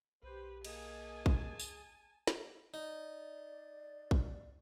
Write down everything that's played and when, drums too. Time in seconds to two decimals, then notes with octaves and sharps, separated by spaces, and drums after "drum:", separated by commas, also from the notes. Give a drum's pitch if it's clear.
0.23 B1 G4 B4 C5
0.65 A#3 G#4 D#5 G#5 A5, drum: cymbal
1.26 drum: kick
1.59 drum: tambourine
2.27 drum: snare
2.74 D#4 D5
4.11 drum: kick